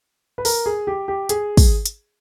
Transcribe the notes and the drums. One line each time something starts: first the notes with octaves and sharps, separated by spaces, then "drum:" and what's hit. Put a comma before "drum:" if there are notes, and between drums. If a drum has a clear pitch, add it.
B4
A#4, drum: open hi-hat
G#4
G4
G4
G#4, drum: hi-hat
drum: kick, open hi-hat
drum: hi-hat